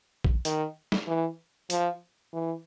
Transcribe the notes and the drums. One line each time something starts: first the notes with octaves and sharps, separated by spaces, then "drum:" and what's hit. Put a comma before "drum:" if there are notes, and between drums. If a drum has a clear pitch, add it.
drum: kick A#1
D#3, drum: hi-hat
drum: snare
E3
F3, drum: hi-hat
E3